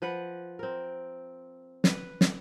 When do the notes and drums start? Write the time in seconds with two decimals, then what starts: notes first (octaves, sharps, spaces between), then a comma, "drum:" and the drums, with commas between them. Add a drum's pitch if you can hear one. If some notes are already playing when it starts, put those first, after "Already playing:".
0.02 F3 B4 F#5
0.59 C4 A#4
1.84 B4, drum: snare
2.21 drum: snare